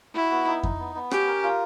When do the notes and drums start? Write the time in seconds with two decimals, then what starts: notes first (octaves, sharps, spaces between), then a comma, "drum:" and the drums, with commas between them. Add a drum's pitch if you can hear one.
0.15 E4 F#4
0.31 B3
0.47 D#4
0.63 D#4, drum: kick F2
0.80 B3
0.95 B3
1.11 C#4 G4, drum: rim click
1.27 A#4
1.43 F4